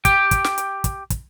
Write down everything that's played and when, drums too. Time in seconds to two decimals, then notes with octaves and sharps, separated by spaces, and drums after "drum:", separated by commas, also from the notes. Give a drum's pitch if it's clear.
0.05 G4 G5, drum: kick, hi-hat
0.31 drum: kick, hi-hat
0.44 drum: snare
0.58 drum: hi-hat
0.84 drum: kick, hi-hat
1.10 drum: kick, hi-hat